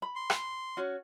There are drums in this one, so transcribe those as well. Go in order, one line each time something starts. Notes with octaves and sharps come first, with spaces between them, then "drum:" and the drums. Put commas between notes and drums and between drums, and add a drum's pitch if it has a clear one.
B5
C6
drum: rim click
C#4 F#4